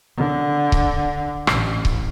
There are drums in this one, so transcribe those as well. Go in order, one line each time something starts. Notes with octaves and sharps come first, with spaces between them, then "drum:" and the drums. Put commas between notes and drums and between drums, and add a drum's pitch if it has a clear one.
D3
drum: kick C#1
A1, drum: rim click
drum: kick C#1